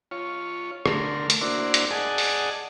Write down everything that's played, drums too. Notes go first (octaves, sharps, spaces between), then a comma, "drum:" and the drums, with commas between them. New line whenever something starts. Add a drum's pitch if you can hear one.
F4 C#5
D3 A3 A#4 C6 F6, drum: rim click
drum: hi-hat
A#3 D4 E4 F#4 C5 D5
drum: hi-hat
G#4 D5 D#5 F#5 G#5 A5
drum: open hi-hat